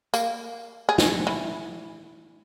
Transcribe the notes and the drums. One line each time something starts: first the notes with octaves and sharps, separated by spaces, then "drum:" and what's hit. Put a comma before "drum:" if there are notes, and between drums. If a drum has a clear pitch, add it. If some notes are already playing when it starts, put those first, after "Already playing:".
A#3, drum: tambourine
G#4
drum: snare
E3